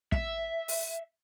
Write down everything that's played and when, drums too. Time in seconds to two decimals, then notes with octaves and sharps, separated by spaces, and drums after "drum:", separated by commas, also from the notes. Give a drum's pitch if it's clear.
0.12 E5, drum: kick
0.68 drum: open hi-hat